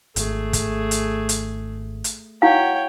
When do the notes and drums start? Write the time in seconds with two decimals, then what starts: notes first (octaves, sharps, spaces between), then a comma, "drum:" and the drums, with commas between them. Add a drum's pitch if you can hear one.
0.16 G#1 A3 G#4, drum: hi-hat
0.53 drum: kick, hi-hat
0.91 drum: hi-hat
1.29 drum: hi-hat
2.04 drum: hi-hat
2.42 E4 F#4 C#5 F5 G5